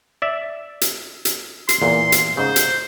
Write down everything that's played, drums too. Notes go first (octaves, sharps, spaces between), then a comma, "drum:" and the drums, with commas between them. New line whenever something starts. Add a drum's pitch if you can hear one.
D5 E5
drum: hi-hat
drum: hi-hat
C6, drum: hi-hat
E2 A#2
drum: hi-hat
G#2 C#3 C5
drum: hi-hat